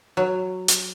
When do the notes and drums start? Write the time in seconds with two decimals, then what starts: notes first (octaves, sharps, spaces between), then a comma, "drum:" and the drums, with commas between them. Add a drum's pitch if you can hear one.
0.17 F#3
0.68 drum: hi-hat